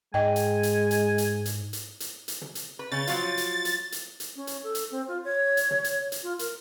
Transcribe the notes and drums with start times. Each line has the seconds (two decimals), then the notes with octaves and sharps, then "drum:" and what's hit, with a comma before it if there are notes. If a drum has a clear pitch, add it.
0.14 G#2 G#3 D#5 G5 G#5
0.36 drum: hi-hat
0.63 drum: hi-hat
0.91 drum: hi-hat
1.18 drum: hi-hat
1.45 drum: hi-hat
1.73 drum: hi-hat
2.00 drum: hi-hat
2.28 drum: hi-hat
2.42 drum: tom
2.55 drum: hi-hat
2.79 B4
2.92 C#3 C#4 A6
3.07 F3 F#3 F4, drum: hi-hat
3.38 drum: hi-hat
3.65 drum: hi-hat
3.92 drum: hi-hat
4.20 drum: hi-hat
4.36 C#4
4.47 drum: hi-hat
4.63 A4
4.75 drum: hi-hat
4.91 C4
5.08 F4
5.24 C#5
5.57 drum: hi-hat
5.71 drum: tom
5.84 drum: hi-hat
6.12 drum: hi-hat
6.23 F4
6.39 A#4, drum: hi-hat